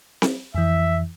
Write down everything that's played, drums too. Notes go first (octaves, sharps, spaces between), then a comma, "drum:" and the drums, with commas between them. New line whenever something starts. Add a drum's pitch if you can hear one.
drum: snare C4
F2 E3 E5